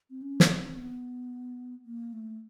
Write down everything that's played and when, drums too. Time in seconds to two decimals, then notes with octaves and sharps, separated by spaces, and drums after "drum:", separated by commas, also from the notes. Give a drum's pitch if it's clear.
0.10 C4
0.22 C#4
0.40 C4, drum: snare
0.58 C4
0.76 B3
1.85 A#3
2.13 A3